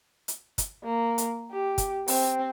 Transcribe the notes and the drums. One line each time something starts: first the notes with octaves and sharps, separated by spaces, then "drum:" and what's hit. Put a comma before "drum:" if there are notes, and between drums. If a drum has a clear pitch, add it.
drum: hi-hat
drum: kick, hi-hat
A#3
drum: hi-hat
G4
drum: kick, hi-hat
C4, drum: open hi-hat